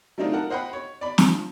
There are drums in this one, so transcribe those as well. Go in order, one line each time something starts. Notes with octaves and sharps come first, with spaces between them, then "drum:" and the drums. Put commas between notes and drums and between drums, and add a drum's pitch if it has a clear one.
F#3 A3 C4 D4 D#4 F4
A#4 F#5 A5
C5 D#5 F#5 G5 B5
C#5
D5 B5
F3, drum: snare